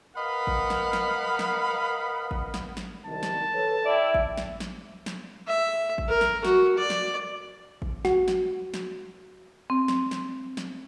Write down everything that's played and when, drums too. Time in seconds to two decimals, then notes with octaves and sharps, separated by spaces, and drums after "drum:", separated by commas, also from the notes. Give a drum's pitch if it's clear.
0.17 A#4 B4 D#5 F5 F#5 B5
0.47 drum: kick G#1
0.70 drum: snare
0.93 drum: snare
1.39 drum: snare
2.31 drum: kick G#1
2.54 drum: snare
2.77 drum: snare
3.06 C2 D#3 A5
3.23 drum: snare
3.53 A4 B4 C#5
3.85 E4 D5 E5 G5
4.15 drum: kick G#1
4.37 drum: snare
4.60 drum: snare
5.06 drum: snare
5.48 E5
5.98 drum: kick G#1
6.09 A#4
6.21 drum: snare
6.44 F#4, drum: snare
6.78 D5
6.90 drum: snare
7.82 drum: kick G#1
8.05 F#4, drum: snare
8.28 drum: snare
8.74 drum: snare
9.70 C4
9.88 drum: snare
10.11 drum: snare
10.57 drum: snare